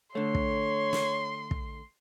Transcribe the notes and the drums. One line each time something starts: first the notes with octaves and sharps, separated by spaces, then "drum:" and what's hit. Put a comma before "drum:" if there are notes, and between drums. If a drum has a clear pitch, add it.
D3 A3 C#5 C6
drum: kick
drum: snare
drum: kick